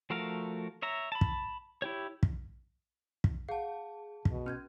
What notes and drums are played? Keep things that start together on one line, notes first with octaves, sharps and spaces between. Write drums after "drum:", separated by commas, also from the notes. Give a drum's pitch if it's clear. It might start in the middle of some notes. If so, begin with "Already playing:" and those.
F3 A3 F#4 A#4 F5
C#5 E5 A#5
A5 B5
drum: kick
E4 G4 C#5
drum: kick
drum: kick
G#4 F5 F#5 A5
B2, drum: kick
C#4 F6 G6 G#6